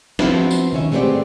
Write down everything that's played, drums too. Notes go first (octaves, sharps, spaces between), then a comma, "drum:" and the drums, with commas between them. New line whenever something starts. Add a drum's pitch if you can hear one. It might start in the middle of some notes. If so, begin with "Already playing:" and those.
F3 B3 C4 E4 F#4, drum: snare
drum: tambourine
D#3 C#4 E5
G#3 A3 B3 C4 G4 D5